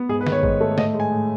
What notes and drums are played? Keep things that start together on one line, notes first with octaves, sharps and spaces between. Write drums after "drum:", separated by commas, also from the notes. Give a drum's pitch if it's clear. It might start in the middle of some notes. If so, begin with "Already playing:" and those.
Already playing: B3
G#2 G#4
B4
D#3, drum: snare
C#5
G#2, drum: kick A1
A3
A2 D#5, drum: snare
G#3
G#5
A2